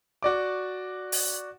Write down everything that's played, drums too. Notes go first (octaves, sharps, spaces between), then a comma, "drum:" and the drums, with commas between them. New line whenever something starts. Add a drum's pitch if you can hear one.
F#4 D5 D6
drum: open hi-hat